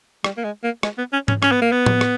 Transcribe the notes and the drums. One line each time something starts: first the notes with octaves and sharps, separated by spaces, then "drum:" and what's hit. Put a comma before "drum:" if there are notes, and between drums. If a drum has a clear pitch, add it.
G3, drum: rim click
A#3
G#3
A#3
G#3, drum: rim click
B3
C#4
C#4, drum: tom G#2
C#4, drum: rim click
B3
A#3
B3
drum: tom A2
drum: rim click